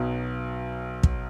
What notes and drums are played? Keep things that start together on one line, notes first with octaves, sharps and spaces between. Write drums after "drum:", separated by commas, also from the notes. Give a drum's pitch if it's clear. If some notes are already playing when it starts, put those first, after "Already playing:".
Already playing: B1 B2 F#3 B3
drum: kick